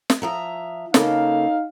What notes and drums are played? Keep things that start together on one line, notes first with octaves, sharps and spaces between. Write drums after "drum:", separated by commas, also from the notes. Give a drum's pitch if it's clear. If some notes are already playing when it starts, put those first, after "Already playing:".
drum: snare
F3 E5 A#5
C#3 A#3 D#4 A4 F5, drum: snare